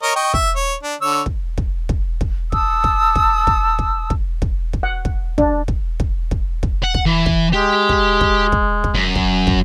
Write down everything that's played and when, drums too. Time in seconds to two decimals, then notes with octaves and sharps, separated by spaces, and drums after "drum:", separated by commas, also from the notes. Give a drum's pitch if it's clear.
0.03 A#4 C#5 D#5
0.16 D#5 G5 C#6
0.34 E5, drum: kick
0.56 C#5
0.83 D4
1.02 D3 C#5 E6
1.26 drum: kick
1.58 drum: kick
1.89 drum: kick
2.21 drum: kick
2.52 A5 D#6 E6, drum: kick
2.84 drum: kick
3.15 drum: kick
3.47 drum: kick
3.79 drum: kick
4.10 drum: kick
4.42 drum: kick
4.73 drum: kick
4.83 F#5
5.05 drum: kick
5.38 D4, drum: kick
5.68 drum: kick
6.00 drum: kick
6.31 drum: kick
6.63 drum: kick
6.83 F#5
6.94 drum: kick
7.06 E3
7.26 drum: kick
7.54 G#3 G4
7.89 drum: kick
8.21 drum: kick
8.52 drum: kick
8.84 drum: kick
8.94 F#2
9.15 drum: kick
9.47 drum: kick